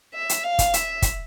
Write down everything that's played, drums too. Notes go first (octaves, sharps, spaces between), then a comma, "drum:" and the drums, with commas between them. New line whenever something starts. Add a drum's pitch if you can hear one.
E5
drum: hi-hat
F5
drum: kick, hi-hat
E5, drum: hi-hat
drum: kick, hi-hat